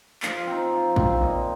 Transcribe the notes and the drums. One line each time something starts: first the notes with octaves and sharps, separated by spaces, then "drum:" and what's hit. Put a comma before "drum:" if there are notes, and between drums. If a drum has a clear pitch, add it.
F3 F5, drum: clap
C4 D#4
F3
C4 D#4, drum: kick
A#2 D#5